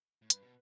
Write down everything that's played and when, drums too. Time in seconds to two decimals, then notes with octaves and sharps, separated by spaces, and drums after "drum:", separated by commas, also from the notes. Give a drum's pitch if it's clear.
0.22 A2
0.30 G2 B4, drum: hi-hat
0.42 B2